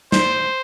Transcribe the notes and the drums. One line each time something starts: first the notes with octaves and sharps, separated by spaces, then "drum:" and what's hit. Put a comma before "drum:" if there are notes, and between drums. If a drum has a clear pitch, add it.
C5, drum: snare